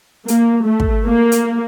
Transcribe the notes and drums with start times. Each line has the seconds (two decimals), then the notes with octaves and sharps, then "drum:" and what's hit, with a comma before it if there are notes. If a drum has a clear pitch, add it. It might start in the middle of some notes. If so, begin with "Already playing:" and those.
0.28 A#3, drum: hi-hat
0.66 A3
0.80 drum: kick
1.06 A#3
1.32 drum: hi-hat